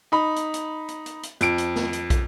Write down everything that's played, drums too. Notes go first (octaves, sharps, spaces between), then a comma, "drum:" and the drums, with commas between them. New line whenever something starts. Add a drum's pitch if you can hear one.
D#4 B5
drum: hi-hat
drum: hi-hat
drum: hi-hat
drum: hi-hat
drum: hi-hat
F2 D7, drum: hi-hat
drum: hi-hat
drum: snare
drum: hi-hat
drum: kick, hi-hat